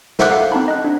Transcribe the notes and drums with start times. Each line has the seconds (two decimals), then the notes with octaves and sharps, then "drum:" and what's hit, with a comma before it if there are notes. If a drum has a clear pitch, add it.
0.19 A#4 C5 E5 F#5 D6 F#6, drum: snare
0.30 A4 F5 F#5
0.52 C4 D#4 A5 B5
0.68 D#5 F#6
0.84 D4